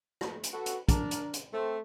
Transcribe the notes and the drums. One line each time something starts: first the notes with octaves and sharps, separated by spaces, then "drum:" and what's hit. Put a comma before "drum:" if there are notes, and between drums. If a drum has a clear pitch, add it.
drum: rim click
drum: hi-hat
F#4 A4 B4
drum: hi-hat
D4 A#4, drum: kick, hi-hat
drum: hi-hat
drum: hi-hat
A3 C4